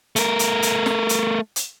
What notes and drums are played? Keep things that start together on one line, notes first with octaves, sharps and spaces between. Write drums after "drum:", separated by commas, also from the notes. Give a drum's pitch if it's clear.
A3 A#4, drum: hi-hat
drum: hi-hat
drum: hi-hat
drum: snare
drum: hi-hat
drum: hi-hat